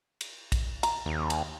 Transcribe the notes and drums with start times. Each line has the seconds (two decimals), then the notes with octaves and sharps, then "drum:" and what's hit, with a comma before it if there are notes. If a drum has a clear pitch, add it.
0.21 drum: cymbal
0.52 drum: kick A#1, cymbal
0.83 A#5, drum: cymbal
1.06 D#2
1.30 drum: cymbal